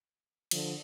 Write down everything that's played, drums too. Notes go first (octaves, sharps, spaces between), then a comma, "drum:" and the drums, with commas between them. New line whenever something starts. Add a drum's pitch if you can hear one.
D3 F3, drum: cymbal